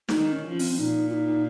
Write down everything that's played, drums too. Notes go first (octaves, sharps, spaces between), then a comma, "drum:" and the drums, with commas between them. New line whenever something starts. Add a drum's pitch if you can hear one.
D#4, drum: snare
D#3
C#4
F3
C#4
C4, drum: open hi-hat
A#2 D#4
F4
D#4